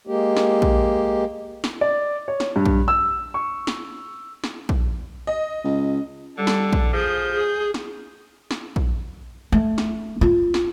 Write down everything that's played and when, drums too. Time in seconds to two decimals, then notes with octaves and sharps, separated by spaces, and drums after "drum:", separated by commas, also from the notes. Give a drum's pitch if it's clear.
0.07 G#3 A#3 G4
0.37 drum: snare
0.62 drum: kick A#1
1.64 drum: snare
1.81 D5
2.28 C#5
2.40 drum: snare
2.56 G2
2.66 drum: kick A#1
2.88 E6
3.34 C#6
3.67 drum: snare
4.44 drum: snare
4.69 drum: kick A#1
5.27 D#5
5.64 C#2
6.38 D3 G3 A4
6.47 drum: snare
6.73 drum: kick A#1
6.93 F3 G#4 G6
7.33 G#4
7.74 drum: snare
8.51 drum: snare
8.76 drum: kick A#1
9.52 A3
9.78 drum: snare
10.21 F4
10.54 drum: snare